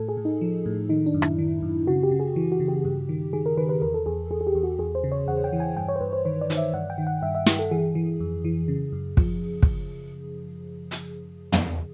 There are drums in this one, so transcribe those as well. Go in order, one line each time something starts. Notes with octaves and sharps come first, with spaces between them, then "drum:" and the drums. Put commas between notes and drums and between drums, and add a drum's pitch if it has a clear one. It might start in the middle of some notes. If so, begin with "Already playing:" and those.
Already playing: A2 A4
G#4
A2
D#4
F3
A2
D#3 D#4
D4
F#2
E4, drum: rim click
D#3
F#2
C#3 F#4
G4
C#3
G#4
E3
F#4
C#3
G4
G2
D#3
D#3 G#4
A#4
D#3 B4
B4
E2 A#4
A4
E2 G#4
E2 G#4
G#4
G4
E2
F#4
E2 G#4
C5
C#3
C#5
E2 F#5
G5
E3
G#5
G2 G5
C#5
C5
G2 B4
C5
D#3 C5
D5
D#3, drum: hi-hat
E5
G2 F#5
G5
D#3
F#5
G2 E5
E5
G2, drum: snare
A4
E3 G#4
E3
F2
E3
C#3
F#2
F3, drum: kick
drum: kick
drum: hi-hat
drum: tom